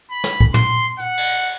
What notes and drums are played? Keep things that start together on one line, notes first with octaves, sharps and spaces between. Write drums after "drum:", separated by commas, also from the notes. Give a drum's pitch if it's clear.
B5
drum: snare
drum: kick
C6, drum: tom
F#5, drum: hi-hat
drum: cymbal